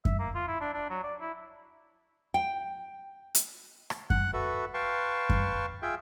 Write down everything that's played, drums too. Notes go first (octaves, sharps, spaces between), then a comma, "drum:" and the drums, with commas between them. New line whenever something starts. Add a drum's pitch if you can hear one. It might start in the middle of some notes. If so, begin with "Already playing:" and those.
E5, drum: kick F#2
A#3
F4
E4
D4
D4
F#3
D5
E4
G5
drum: hi-hat
drum: rim click
F#5 F#6, drum: kick F#2
F#4 A4 B4 E5
B4 F5 G5 A5 C6 C#6
drum: kick F#2
F4 G#4 E5 G5